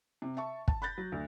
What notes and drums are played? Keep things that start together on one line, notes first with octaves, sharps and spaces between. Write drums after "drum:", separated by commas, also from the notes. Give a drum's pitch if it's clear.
C3
E5 A5 C#6
A5, drum: kick
B5 F#6 G6 A6 A#6
F#3
D2